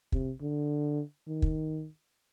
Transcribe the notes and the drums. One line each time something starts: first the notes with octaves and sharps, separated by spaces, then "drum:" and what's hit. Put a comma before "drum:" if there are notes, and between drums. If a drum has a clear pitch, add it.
C3, drum: kick
D3
D#3
drum: kick